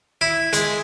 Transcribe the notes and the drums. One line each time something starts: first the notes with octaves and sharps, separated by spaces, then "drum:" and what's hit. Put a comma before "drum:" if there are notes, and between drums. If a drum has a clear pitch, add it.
E4
G#3, drum: hi-hat